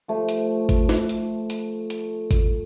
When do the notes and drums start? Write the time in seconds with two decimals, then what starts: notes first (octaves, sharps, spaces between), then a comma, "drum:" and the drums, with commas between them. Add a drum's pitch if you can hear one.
0.08 F3 A3
0.29 drum: hi-hat
0.69 drum: kick G#1, hi-hat
0.89 drum: snare
1.09 drum: hi-hat
1.50 drum: hi-hat
1.90 drum: hi-hat
2.31 drum: kick G#1, hi-hat